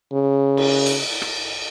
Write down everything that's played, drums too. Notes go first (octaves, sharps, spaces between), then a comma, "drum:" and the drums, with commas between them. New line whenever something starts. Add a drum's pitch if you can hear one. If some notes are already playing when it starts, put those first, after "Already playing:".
C#3
drum: cymbal
drum: cymbal
drum: rim click